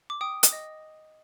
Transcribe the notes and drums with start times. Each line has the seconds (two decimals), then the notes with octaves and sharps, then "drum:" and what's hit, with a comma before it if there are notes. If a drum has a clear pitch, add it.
0.10 D6
0.21 G5 D#6
0.43 drum: hi-hat
0.52 D#5